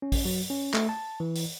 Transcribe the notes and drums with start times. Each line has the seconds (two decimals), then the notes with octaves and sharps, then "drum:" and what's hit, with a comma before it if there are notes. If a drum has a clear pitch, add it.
0.02 C#4
0.12 drum: kick A1, open hi-hat
0.25 F#3
0.50 C#4
0.74 A3, drum: clap
0.89 A5
1.20 E3
1.35 drum: open hi-hat